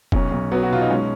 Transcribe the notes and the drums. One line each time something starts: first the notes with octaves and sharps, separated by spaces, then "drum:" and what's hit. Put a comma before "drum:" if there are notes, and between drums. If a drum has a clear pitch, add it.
B1 C#4, drum: kick F1
B1
F#3 B3
F#4
B2 F4
D#4
G#3 C#4